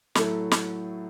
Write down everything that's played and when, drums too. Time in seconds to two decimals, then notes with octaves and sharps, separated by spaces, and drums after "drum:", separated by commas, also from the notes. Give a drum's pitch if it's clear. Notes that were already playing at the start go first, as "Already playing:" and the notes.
0.15 A2 F#3 A3 E4 A4, drum: snare
0.51 drum: snare